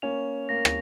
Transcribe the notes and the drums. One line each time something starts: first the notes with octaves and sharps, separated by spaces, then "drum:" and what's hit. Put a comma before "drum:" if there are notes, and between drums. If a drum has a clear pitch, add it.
A#3 C#4 F7
A#3 A#6
drum: rim click